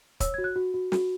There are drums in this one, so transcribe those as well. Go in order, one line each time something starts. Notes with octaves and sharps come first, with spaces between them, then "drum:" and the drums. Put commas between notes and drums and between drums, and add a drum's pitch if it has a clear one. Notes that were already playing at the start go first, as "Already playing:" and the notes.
C#5 E6, drum: kick, hi-hat
F#4 G#6
F#6
F#4
F#4
F#4, drum: snare